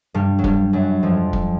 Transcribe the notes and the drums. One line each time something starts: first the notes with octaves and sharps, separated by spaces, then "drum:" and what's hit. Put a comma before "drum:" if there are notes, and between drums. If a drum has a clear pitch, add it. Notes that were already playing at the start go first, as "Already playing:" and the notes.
G2 G3
F#3
G2 G3, drum: kick
F#2 F#3
F2 F3
drum: kick